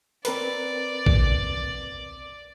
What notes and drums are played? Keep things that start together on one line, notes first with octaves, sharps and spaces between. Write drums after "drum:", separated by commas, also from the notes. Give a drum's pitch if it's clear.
C4 A#4 B4 D5, drum: hi-hat
drum: kick A#1